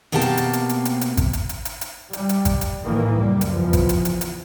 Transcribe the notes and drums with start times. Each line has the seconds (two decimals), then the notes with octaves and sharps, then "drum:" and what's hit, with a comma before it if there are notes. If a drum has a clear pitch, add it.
0.12 B2 A#3 C4 G4 E5 A5
0.21 drum: hi-hat
0.37 drum: hi-hat
0.53 drum: hi-hat
0.69 drum: hi-hat
0.85 drum: hi-hat
1.01 drum: hi-hat
1.17 drum: kick G#1, hi-hat
1.33 drum: hi-hat
1.49 drum: hi-hat
1.65 drum: hi-hat
1.81 drum: hi-hat
2.13 G3, drum: hi-hat
2.29 drum: hi-hat
2.45 drum: kick G#1, hi-hat
2.61 drum: hi-hat
2.85 A2 D#3 E3 A#3
3.17 C#2 F#2 G3
3.41 drum: hi-hat
3.53 E2 F3
3.73 drum: kick G#1, hi-hat
3.89 drum: hi-hat
4.05 drum: hi-hat
4.21 drum: hi-hat